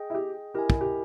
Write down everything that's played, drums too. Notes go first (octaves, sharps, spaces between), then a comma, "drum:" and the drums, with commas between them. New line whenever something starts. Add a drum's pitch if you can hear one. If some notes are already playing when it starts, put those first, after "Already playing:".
Already playing: G#4 D#5 G5
E4
G4
E4 G4 A#4 D#5 G#5
drum: kick
G4